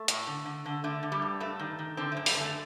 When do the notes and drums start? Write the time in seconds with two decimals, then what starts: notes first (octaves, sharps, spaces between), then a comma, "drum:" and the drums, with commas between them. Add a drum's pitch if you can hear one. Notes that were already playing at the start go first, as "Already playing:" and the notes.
Already playing: A3
0.08 A2, drum: hi-hat
0.27 D3
0.45 D3
0.66 D3
0.84 D3 A3
1.03 D3
1.12 G3
1.22 G2
1.40 G2 A3
1.59 D#3
1.79 D#3
1.97 D3 C4
2.12 F#2 A3
2.26 G3, drum: open hi-hat
2.35 D3
2.41 A3